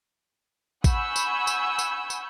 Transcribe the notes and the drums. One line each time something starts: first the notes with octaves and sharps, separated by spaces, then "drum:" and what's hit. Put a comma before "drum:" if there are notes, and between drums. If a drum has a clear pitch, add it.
F#5 G#5 B5 C#6 E6 G6, drum: kick A1, tambourine
drum: tambourine
drum: tambourine
drum: tambourine
drum: tambourine